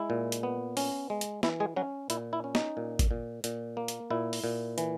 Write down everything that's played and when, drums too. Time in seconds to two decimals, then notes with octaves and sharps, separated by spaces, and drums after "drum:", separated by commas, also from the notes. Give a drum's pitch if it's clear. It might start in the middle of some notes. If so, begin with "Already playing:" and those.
Already playing: G#3 E4
0.10 A#2
0.32 drum: hi-hat
0.43 B3
0.77 C#4, drum: open hi-hat
1.10 G#3
1.21 drum: hi-hat
1.43 E3 E4, drum: snare
1.60 G#3 G#4
1.76 F#3 C#4 F#4
2.10 A#2 E4, drum: hi-hat
2.33 E4
2.44 C#4
2.55 D#4, drum: snare
2.77 A#2
2.99 drum: kick, hi-hat
3.11 A#2
3.44 A#2, drum: hi-hat
3.77 A#3
3.88 drum: hi-hat
4.10 A#2 E4
4.33 drum: open hi-hat
4.44 A#2
4.78 E3, drum: hi-hat